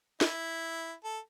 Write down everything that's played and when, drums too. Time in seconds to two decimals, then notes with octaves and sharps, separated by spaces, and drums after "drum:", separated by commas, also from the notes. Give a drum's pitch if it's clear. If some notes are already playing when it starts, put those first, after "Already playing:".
0.21 E4, drum: snare
1.04 A4